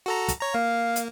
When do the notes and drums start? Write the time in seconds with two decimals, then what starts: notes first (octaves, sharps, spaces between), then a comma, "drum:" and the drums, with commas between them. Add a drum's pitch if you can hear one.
0.06 F#4 A4 A#5
0.28 drum: kick, hi-hat
0.40 C#5 A#5
0.54 A#3 F5
0.96 drum: hi-hat